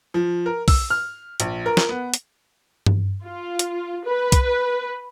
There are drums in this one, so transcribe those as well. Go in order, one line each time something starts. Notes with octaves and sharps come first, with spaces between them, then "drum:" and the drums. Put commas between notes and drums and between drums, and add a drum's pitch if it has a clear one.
F3
A#4
E6, drum: kick, open hi-hat
F6
A#1, drum: hi-hat
A#4
drum: snare
B3
drum: hi-hat
drum: tom G2
F4
drum: hi-hat
B4
drum: kick, hi-hat